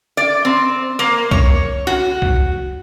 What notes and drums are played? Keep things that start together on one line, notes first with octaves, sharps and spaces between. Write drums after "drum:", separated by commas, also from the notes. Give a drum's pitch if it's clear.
D5
C4
A#3
C#5, drum: kick C2
F#4
drum: kick C2